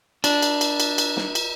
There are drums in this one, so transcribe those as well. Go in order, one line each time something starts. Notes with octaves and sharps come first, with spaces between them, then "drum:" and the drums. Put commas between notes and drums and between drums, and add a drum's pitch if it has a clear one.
D4, drum: cymbal
drum: cymbal
drum: cymbal
drum: cymbal
drum: cymbal
drum: snare
drum: cymbal